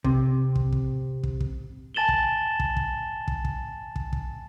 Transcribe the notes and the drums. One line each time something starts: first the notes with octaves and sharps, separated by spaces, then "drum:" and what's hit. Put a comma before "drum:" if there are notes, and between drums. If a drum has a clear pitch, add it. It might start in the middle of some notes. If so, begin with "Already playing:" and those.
C3, drum: kick
drum: kick
drum: kick
drum: kick
drum: kick
G#5 A5 A6 E7 F#7 G7
drum: kick
drum: kick
drum: kick
drum: kick
drum: kick
drum: kick
drum: kick